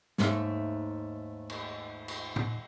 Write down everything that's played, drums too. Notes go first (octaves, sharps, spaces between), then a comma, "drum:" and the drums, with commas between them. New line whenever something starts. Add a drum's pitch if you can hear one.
D#2 G#2 A3 E5, drum: snare
drum: cymbal
drum: cymbal
drum: tom